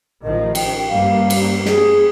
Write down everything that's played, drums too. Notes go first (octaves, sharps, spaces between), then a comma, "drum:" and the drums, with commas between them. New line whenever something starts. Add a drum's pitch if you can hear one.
A1 D#3 F3 D#5
G5, drum: cymbal
G2 G3 A#3 F5
drum: cymbal
G#4, drum: snare